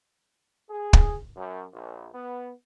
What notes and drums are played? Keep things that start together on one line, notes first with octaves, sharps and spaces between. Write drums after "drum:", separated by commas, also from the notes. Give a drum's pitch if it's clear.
G#4
drum: kick
F#2
A#1
B3